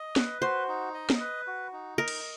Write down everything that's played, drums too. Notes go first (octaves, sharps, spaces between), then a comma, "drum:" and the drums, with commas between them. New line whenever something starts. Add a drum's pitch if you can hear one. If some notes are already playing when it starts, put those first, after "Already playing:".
Already playing: D#5
B4, drum: snare
F#4 C5
D#4
D#5
drum: snare
B4
F#4
D#4
A#4 D#5
drum: cymbal